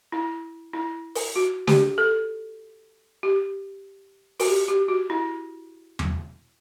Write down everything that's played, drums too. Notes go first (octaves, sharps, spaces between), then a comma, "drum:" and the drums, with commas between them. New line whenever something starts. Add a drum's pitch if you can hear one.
E4
E4
drum: open hi-hat
F#4
G4, drum: snare
A4
G4
F#4, drum: open hi-hat
G4
G4
F#4
E4
drum: tom E2